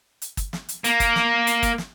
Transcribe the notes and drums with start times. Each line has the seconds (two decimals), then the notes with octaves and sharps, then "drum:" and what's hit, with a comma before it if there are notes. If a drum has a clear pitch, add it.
0.22 drum: hi-hat
0.37 drum: kick, hi-hat
0.53 drum: snare
0.69 drum: hi-hat
0.84 A#3, drum: hi-hat
1.00 drum: kick, hi-hat
1.16 drum: snare
1.47 drum: hi-hat
1.63 drum: kick, hi-hat
1.78 drum: snare